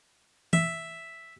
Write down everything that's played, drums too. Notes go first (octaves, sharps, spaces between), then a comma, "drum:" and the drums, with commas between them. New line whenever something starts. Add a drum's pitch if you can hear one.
E5, drum: tom